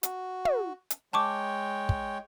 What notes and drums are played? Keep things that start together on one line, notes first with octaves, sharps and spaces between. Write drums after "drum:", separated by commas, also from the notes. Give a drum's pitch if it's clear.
F#4, drum: hi-hat
drum: tom
drum: hi-hat
G#3 C#5 G5 A5 C#6 D6
drum: kick